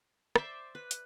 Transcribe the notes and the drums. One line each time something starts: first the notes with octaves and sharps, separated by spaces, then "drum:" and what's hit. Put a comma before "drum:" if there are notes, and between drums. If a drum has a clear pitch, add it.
C5 D5 E5, drum: rim click
B4
drum: hi-hat